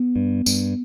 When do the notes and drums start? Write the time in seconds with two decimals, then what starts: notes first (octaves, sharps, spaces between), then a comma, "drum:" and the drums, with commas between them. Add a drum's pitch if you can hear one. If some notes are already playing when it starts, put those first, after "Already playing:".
Already playing: B3
0.16 G2
0.46 G2, drum: tambourine